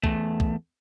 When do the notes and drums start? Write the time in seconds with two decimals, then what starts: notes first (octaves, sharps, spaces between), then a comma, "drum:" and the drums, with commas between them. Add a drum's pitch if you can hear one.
0.04 E2 A3, drum: kick B1
0.40 drum: kick B1